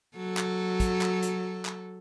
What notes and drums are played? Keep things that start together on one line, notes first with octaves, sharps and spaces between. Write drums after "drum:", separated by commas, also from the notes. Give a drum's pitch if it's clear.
F#3 A4
drum: clap
drum: kick, hi-hat
drum: clap
drum: hi-hat
drum: clap